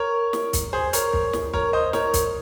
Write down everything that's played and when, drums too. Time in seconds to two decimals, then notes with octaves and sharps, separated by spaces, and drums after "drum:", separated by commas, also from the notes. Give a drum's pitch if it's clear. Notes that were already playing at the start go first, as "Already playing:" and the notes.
Already playing: A#4 C#5
0.33 drum: snare
0.53 drum: kick, hi-hat
0.73 G#4 C5
0.93 A#4 C#5, drum: hi-hat
1.13 drum: kick
1.33 drum: snare
1.54 A#4 C#5, drum: kick
1.73 C5 D#5
1.93 A#4 C#5, drum: snare
2.14 drum: kick, hi-hat